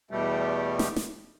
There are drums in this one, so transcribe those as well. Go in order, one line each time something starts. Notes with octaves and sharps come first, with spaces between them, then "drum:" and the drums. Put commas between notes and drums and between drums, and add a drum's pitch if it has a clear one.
E2 B2 G3 A3
drum: snare
drum: snare